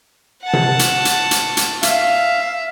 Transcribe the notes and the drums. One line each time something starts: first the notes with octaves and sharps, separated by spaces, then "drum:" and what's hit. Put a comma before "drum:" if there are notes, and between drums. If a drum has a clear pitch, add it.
F#5 A5
drum: tom C3
drum: hi-hat
drum: hi-hat
drum: hi-hat
drum: hi-hat
E5 F5, drum: hi-hat